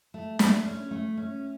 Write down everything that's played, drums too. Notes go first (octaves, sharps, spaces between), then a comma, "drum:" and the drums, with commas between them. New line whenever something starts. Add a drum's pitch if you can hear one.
A3
A3, drum: snare
C#4
A3
C#4